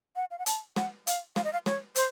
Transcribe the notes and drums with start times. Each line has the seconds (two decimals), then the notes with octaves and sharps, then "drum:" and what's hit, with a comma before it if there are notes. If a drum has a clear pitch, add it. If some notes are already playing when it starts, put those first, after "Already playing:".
0.16 F#5
0.31 F5
0.39 F#5
0.46 A5, drum: hi-hat
0.76 F#5, drum: snare
1.07 F5, drum: hi-hat
1.36 F5, drum: snare
1.44 D#5
1.53 F5
1.66 C#5, drum: snare
1.96 C5, drum: hi-hat